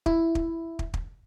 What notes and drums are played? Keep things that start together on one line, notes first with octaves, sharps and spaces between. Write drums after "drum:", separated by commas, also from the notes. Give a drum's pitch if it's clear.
E4, drum: kick
drum: kick
drum: kick
drum: kick